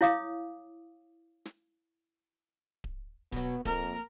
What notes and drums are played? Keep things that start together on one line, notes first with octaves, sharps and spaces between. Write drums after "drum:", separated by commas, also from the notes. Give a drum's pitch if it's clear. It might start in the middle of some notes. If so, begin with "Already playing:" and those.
E4 C#5 F5 D6 D#6
drum: snare
drum: kick D1
B2 F#3 B3, drum: kick D1
F2 A#3 A#4, drum: kick D1